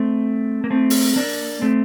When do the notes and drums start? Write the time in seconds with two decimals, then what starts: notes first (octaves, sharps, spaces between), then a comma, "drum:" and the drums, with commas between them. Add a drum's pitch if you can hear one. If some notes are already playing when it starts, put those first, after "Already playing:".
Already playing: A3 C4
0.64 A#3
0.70 A3 C4
0.90 drum: open hi-hat
1.16 A#3 D4
1.62 A3 C4